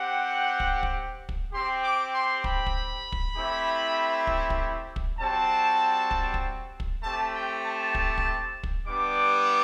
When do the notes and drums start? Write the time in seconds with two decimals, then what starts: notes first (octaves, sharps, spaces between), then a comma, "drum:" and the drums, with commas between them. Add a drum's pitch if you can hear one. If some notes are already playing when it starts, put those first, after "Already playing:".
Already playing: C4 G4 F#5
0.60 drum: kick
0.83 drum: kick
1.29 drum: kick
1.51 C4 G4 C6
1.83 D6
2.13 C6
2.44 B5, drum: kick
2.66 drum: kick
3.12 drum: kick
3.35 A3 C4 E4 G4
4.27 drum: kick
4.50 drum: kick
4.96 drum: kick
5.19 G3 C4 F#4 A5
6.11 drum: kick
6.34 drum: kick
6.80 drum: kick
7.02 A3 C4 G4 A5
7.34 G5
7.65 A5
7.95 drum: kick
8.18 drum: kick
8.63 drum: kick
8.86 G3 B3 D4 D6